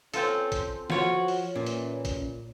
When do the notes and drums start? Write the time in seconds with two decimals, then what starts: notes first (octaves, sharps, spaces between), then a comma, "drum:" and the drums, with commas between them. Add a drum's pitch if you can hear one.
0.14 C4 C#4 F4 A4, drum: hi-hat
0.52 drum: kick, hi-hat
0.90 F3 F4 F#4 C#5, drum: snare
1.28 drum: open hi-hat
1.55 A#2 E3 C#4
1.67 drum: hi-hat
2.05 drum: kick, hi-hat